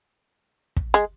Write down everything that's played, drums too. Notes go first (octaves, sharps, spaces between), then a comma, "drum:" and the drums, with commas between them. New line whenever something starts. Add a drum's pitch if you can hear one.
drum: kick
G#3